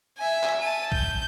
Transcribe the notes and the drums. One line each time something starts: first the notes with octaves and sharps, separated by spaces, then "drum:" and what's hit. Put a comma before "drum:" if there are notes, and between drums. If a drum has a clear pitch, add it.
E5 G#5
drum: clap
A5 D#7
G6, drum: kick